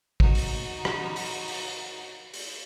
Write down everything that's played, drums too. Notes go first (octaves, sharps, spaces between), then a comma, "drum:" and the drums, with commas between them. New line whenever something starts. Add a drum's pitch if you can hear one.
D#4 F#4, drum: kick
drum: open hi-hat
drum: rim click
drum: open hi-hat
drum: open hi-hat
drum: open hi-hat